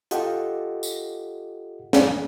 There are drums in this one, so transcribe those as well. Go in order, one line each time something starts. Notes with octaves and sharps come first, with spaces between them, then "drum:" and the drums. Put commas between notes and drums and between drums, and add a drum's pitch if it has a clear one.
F4 G4 A4 D#5 F#5, drum: hi-hat
drum: tambourine
drum: snare